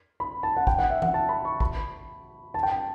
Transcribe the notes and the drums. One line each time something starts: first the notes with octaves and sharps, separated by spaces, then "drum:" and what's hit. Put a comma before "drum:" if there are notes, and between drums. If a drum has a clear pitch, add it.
B5
A5
F#5
G5, drum: kick
F#5
E5
F#5, drum: tom E3
A5
B5
C#6
B5, drum: kick
A5
G5
A5